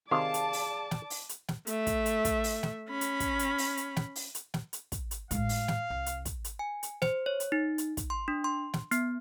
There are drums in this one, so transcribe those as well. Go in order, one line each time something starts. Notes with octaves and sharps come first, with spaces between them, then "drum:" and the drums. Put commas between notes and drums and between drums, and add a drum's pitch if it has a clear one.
C3 D#3 G#4 D5 F5 A5 D6
drum: hi-hat
drum: open hi-hat
drum: snare
drum: open hi-hat
drum: hi-hat
drum: snare
A3 E5, drum: hi-hat
drum: kick, hi-hat
drum: hi-hat
drum: kick, hi-hat
drum: open hi-hat
drum: snare
C#4 B5
drum: hi-hat
drum: kick, hi-hat
drum: hi-hat
drum: open hi-hat
drum: hi-hat
drum: snare
drum: open hi-hat
drum: hi-hat
drum: snare
drum: hi-hat
drum: kick, hi-hat
drum: hi-hat
A2 G#3 F5, drum: kick, hi-hat
drum: open hi-hat
drum: snare
C2
drum: hi-hat
drum: kick, hi-hat
drum: hi-hat
G#5
drum: hi-hat
C5, drum: snare
C#5
drum: hi-hat
D#4
drum: hi-hat
drum: kick, hi-hat
C6
D4
C6
drum: snare
B3, drum: hi-hat